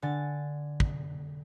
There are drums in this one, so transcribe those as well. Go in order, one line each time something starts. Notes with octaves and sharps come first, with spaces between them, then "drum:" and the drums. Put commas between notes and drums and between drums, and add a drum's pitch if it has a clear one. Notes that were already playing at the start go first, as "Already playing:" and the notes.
D3 G#5 A6
drum: kick